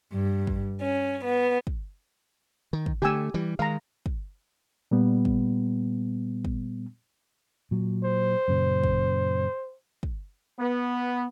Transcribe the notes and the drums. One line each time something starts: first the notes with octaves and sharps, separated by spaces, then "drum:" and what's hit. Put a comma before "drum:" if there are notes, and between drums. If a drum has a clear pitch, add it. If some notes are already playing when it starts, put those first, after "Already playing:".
G2
drum: kick
C#4
B3
drum: kick
D#3
drum: kick
D3 A3 G4 G#5 E6
E3 G3
D#3 G#3 F5 A#5
drum: kick
A#2 G3 B3
drum: kick
drum: kick
A#2 F#3
C5
F#2 A#2 C#3
drum: kick
drum: kick
B3